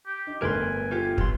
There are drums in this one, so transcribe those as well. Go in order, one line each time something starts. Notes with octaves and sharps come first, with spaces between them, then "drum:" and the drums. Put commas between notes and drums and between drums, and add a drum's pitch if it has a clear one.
G4
D#4
G1 D2 A#4 B4 G#5 C6
A3 F4 G4
F#2 B3 C6, drum: kick